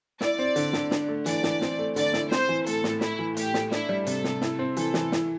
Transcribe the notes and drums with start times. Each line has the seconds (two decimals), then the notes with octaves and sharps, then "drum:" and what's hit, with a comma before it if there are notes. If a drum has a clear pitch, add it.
0.21 E4 D5, drum: snare
0.39 C4
0.56 D3, drum: hi-hat
0.73 D3, drum: snare
0.91 D4, drum: snare
1.08 A3
1.26 E3 D5, drum: hi-hat
1.43 E3, drum: snare
1.61 C4, drum: snare
1.79 A3
1.96 D3 D5, drum: hi-hat
2.13 E4, drum: snare
2.31 C4 C5, drum: snare
2.49 E3
2.66 A2 A4, drum: hi-hat
2.84 A2, drum: snare
3.01 A3 E4, drum: snare
3.19 E3
3.37 A2 G4, drum: hi-hat
3.54 A2, drum: snare
3.71 D4 E4, drum: snare
3.89 G3
4.07 C3 A4, drum: hi-hat
4.24 C3, drum: snare
4.41 E4, drum: snare
4.59 C4
4.77 E3 A4, drum: hi-hat
4.94 E3, drum: snare
5.12 E4, drum: snare